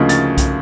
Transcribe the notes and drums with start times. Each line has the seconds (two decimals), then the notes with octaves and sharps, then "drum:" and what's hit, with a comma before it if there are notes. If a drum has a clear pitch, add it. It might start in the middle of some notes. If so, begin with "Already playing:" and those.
Already playing: D2 C#3 F3 A#3 D#4
0.09 A6, drum: hi-hat
0.38 drum: kick B1, hi-hat